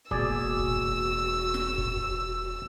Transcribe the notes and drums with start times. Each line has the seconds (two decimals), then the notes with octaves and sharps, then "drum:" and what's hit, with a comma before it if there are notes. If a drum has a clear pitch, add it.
0.11 E1 A#3 F#4 G#4 D5 E6, drum: kick
0.59 drum: kick
1.54 drum: snare
1.78 drum: kick